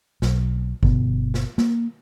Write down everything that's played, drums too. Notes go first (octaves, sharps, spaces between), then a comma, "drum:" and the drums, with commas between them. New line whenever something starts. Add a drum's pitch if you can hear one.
B1, drum: snare
G1 B2, drum: kick G#1
drum: snare
A#3, drum: snare